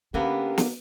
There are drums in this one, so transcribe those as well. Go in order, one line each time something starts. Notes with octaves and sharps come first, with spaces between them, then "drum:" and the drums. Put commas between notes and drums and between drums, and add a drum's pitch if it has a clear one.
D3 A#3 B3 C#4 G4
drum: snare